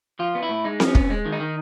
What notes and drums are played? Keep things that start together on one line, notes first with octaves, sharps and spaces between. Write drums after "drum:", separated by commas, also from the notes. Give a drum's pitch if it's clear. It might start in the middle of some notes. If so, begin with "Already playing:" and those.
F3 F4
B3
E4
A2
G#3 D#4
F3, drum: snare C4
C#4
B3, drum: kick
G#3
D#3
D#4
D#3